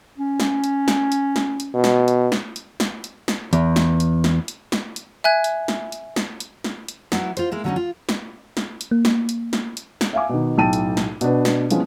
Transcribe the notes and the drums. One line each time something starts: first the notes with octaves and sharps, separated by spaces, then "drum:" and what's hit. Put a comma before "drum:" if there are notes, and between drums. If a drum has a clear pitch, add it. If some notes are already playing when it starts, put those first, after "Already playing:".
C#4
drum: snare
drum: hi-hat
drum: snare
drum: hi-hat
drum: snare
drum: hi-hat
B2
drum: snare
drum: hi-hat
drum: snare
drum: hi-hat
drum: snare
drum: hi-hat
drum: snare
E2, drum: hi-hat
drum: snare
drum: hi-hat
drum: snare
drum: hi-hat
drum: snare
drum: hi-hat
E5 G#5 F#6 G#6
drum: hi-hat
drum: snare
drum: hi-hat
drum: snare
drum: hi-hat
drum: snare
drum: hi-hat
F#3 E4 B4, drum: snare
F4 C5, drum: hi-hat
G#3 A#3 E4
D3 F#3 G#3 C4 C#4 D#4
F4
drum: snare
drum: snare
drum: hi-hat
A#3
drum: snare
drum: hi-hat
drum: snare
drum: hi-hat
drum: snare
E5 F5 G#5 D6
B2 D#3
B1 A2 G5 A5 D#7
drum: hi-hat
drum: snare
B2 D4 B4, drum: hi-hat
drum: snare
E3 F3 G#3 B3 C#4, drum: hi-hat